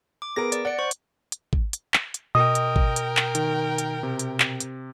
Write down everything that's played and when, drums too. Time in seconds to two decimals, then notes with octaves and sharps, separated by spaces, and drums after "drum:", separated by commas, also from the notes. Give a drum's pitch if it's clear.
0.22 D6
0.36 B3 G#4 A#4 A#6 D7
0.52 D5, drum: hi-hat
0.65 D5 F#5 C#7
0.79 C5 C#6
0.91 drum: hi-hat
1.32 drum: hi-hat
1.53 drum: kick
1.73 drum: hi-hat
1.94 drum: clap
2.14 drum: hi-hat
2.35 B2 A#4 D#5 G5 D#6
2.55 drum: hi-hat
2.76 drum: kick
2.96 drum: hi-hat
3.17 drum: clap
3.35 D#3, drum: hi-hat
3.78 drum: hi-hat
4.03 C3
4.19 drum: hi-hat
4.40 drum: clap
4.60 drum: hi-hat